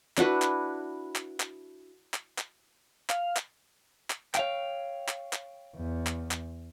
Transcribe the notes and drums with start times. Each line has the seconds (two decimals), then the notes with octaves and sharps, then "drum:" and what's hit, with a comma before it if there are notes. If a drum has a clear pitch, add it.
0.18 D4 E4 F#4 B4, drum: clap
0.42 drum: clap
1.16 drum: clap
1.40 drum: clap
2.14 drum: clap
2.39 drum: clap
3.10 F5, drum: clap
3.37 drum: clap
4.10 drum: clap
4.35 C#5 F5 G5, drum: clap
5.09 drum: clap
5.33 drum: clap
5.76 E2
6.07 drum: clap
6.31 drum: clap